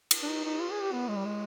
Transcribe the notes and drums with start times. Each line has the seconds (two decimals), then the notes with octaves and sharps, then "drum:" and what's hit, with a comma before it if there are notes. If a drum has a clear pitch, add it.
0.11 drum: cymbal
0.23 D4
0.29 D#4
0.45 D#4
0.61 F4
0.71 G#4
0.82 G4
0.93 B3
1.09 G#3
1.17 G3
1.25 G#3